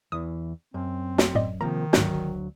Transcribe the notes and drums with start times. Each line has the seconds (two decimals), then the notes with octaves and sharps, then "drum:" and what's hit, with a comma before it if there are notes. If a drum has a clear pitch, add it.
0.12 E2 E3 D#6
0.74 F#2 C4
1.18 drum: snare
1.35 A2 D5 D#5
1.61 C3 D#3 F3 A#3 A#5
1.93 D2 G#2 F#3 F#6 G6, drum: snare